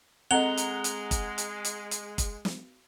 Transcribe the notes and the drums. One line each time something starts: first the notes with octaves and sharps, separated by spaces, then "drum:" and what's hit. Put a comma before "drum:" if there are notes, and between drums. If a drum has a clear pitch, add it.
G#3 C4 A4 D#5 F#5 A#5 F7 G7
drum: hi-hat
drum: hi-hat
drum: kick, hi-hat
drum: hi-hat
drum: hi-hat
drum: hi-hat
drum: kick, hi-hat
drum: snare